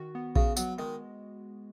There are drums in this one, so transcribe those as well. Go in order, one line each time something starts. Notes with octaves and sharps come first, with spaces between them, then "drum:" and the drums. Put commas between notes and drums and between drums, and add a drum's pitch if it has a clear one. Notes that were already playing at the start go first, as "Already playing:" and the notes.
Already playing: D#3 F#4
B3
C#3 F#4, drum: kick A#1
F#3 B3, drum: tambourine
D#3 G#3